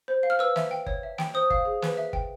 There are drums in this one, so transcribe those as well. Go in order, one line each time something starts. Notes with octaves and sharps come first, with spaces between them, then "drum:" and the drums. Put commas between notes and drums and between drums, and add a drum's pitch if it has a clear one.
C5
F5
F6
B4 E6
E5, drum: snare
G5
C#5, drum: kick G1
E5
G5, drum: snare
C5 D#6
F5, drum: kick G1
G#4
B4, drum: snare
E5
G5, drum: kick G1